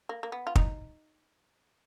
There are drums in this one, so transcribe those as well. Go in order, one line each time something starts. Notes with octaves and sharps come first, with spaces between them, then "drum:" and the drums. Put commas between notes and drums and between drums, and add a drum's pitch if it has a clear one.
A#3
A#3
B3
F4
D#4, drum: kick